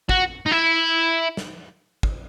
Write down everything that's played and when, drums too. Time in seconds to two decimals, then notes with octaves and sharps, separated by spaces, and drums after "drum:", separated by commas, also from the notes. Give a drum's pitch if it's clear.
0.09 F#4, drum: kick
0.46 D#4
0.51 E4
1.37 drum: snare
2.03 drum: kick